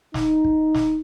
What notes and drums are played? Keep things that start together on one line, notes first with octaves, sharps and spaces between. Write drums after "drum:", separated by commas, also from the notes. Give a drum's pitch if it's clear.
D#4, drum: snare
drum: kick
drum: snare